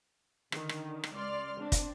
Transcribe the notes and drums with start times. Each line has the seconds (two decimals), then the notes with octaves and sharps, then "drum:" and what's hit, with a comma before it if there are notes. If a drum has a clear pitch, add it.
0.52 D3 D#3, drum: rim click
0.69 drum: rim click
1.04 drum: rim click
1.13 C#2 D5 C6 F6
1.59 C4 D4
1.72 drum: kick, hi-hat